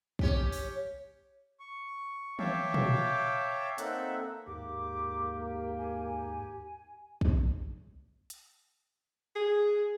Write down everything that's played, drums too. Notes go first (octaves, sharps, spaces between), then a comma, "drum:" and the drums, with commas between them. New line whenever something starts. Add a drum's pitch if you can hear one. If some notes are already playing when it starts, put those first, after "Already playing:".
C#4 G4 C#5, drum: kick
drum: open hi-hat
C#6
C#5 E5 F5 G5 A5 D6, drum: tom D#3
drum: tom A#2
A#3 C4 D#4 A4 E5 F#5, drum: hi-hat
D#2 G#2 A#3 G4 D6
G#5
drum: kick
drum: hi-hat
G#4